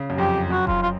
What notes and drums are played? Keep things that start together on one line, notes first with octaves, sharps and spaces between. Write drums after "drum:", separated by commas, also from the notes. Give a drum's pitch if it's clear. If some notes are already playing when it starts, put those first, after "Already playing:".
Already playing: C#3
F#2
F2 G4
F#2 F#4
F4, drum: kick E1
F4